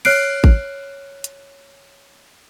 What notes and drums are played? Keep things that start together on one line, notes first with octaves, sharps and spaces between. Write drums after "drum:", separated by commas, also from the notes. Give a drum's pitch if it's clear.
C#5 F6 F#6 C7 D7, drum: cymbal
drum: kick
drum: hi-hat